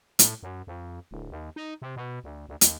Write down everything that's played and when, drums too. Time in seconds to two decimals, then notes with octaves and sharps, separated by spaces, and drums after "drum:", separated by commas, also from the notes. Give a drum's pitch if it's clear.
0.19 A2, drum: hi-hat
0.43 F#2
0.67 F2
1.11 D1
1.31 D#2
1.56 D#4
1.82 C3
1.96 B2
2.24 D2
2.49 D2
2.61 D#2, drum: hi-hat